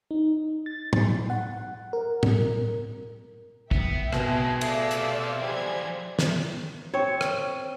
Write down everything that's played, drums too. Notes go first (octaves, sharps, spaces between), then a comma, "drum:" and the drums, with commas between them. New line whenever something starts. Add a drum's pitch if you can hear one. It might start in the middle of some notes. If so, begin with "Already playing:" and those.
D#4
A6
drum: tom
F#5
A#4
drum: tom
B3 E5 G5, drum: kick
B2 G#3 C4, drum: rim click
G#3 A3 D5 F5 E6, drum: cymbal
C3, drum: hi-hat
E3 F3 G3 G#4 C5 G#6
drum: snare
C4 C#5
drum: rim click